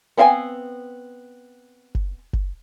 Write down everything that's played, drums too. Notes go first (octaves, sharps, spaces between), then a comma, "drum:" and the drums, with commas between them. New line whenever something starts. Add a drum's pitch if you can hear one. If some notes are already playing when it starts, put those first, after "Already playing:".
B3 C4 F5 G5 G#5
drum: kick F#1
drum: kick F#1